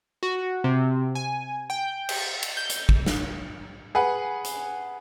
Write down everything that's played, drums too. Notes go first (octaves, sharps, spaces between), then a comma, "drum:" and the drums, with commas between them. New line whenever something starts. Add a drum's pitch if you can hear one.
F#4
C3
G#5
G5
drum: cymbal
drum: cymbal
G6
drum: hi-hat
drum: kick
drum: snare
G#4 B4 F#5
drum: hi-hat